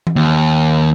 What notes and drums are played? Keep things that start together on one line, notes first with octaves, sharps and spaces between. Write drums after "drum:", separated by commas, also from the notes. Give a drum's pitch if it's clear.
drum: tom E3
D#2